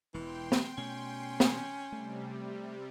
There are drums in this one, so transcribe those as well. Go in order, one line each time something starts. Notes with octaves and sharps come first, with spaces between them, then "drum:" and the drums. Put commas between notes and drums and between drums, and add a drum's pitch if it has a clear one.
E1 E3 G5 C6
drum: snare
B2 A3 C#4
drum: snare
C3 G3 A3